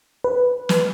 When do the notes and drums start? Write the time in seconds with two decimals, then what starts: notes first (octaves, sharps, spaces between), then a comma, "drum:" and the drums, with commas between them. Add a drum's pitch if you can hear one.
0.24 B4
0.69 drum: snare